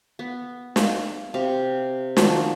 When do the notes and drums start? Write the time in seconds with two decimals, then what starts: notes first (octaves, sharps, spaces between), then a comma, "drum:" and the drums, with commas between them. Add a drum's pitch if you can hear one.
0.19 B3
0.76 F5, drum: snare
1.34 C3 F5
2.17 D#3 F3 F#3 D4, drum: snare